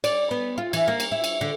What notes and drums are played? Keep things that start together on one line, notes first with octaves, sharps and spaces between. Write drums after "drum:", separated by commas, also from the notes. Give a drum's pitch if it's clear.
D5, drum: cymbal
B3
F4
E3, drum: cymbal
A#3
drum: cymbal
E4
drum: cymbal
D3